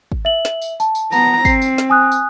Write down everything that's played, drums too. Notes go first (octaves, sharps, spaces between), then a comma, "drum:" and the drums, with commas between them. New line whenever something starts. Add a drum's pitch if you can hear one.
drum: kick
E5 F#7
drum: snare
drum: tambourine
A5, drum: tambourine
drum: tambourine
B3 A#5, drum: tambourine
C4 C7, drum: kick, tambourine
drum: tambourine
drum: snare
G#5 D#6 F#6
drum: tambourine